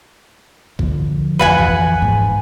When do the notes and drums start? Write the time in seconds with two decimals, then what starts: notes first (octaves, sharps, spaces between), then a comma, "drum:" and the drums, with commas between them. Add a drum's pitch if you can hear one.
0.79 D3 F3, drum: kick A1
1.39 F2 E3 B4 F#5 G#5
1.59 drum: kick A1
2.02 G#2